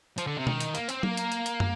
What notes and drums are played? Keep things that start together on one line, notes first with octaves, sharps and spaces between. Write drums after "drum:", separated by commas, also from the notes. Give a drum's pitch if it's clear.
F3, drum: hi-hat
D3
C3
D#3, drum: tom B2
drum: hi-hat
A#3, drum: hi-hat
C4, drum: hi-hat
A#3, drum: tom F#3
drum: hi-hat
drum: hi-hat
drum: hi-hat
drum: tom